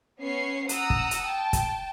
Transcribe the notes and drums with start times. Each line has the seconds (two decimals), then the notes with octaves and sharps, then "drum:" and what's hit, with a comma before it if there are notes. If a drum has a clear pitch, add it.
0.20 B3 C#4 C#5 C7
0.69 F#5 A#5 D#6 E6, drum: hi-hat
0.90 drum: kick
1.11 drum: hi-hat
1.23 G5 A5
1.53 drum: kick, hi-hat